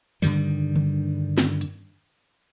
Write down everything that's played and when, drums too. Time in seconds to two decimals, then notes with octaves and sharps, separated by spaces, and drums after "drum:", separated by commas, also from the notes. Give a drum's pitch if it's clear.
0.22 G2 D3 D#3 G3, drum: open hi-hat
0.76 drum: tom D3
1.38 drum: snare
1.61 drum: hi-hat